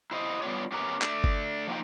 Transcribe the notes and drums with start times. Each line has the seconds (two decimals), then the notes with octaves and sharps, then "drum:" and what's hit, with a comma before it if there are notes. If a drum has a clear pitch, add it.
0.11 E4 C5 D#5
0.42 G3 B3 C4 D4 F4 C#5
0.72 B3 C#4 G4 A#4 B4 A#5
1.02 A3 D4, drum: clap
1.24 drum: kick G1
1.67 F3 A#3 B3 D#4 G5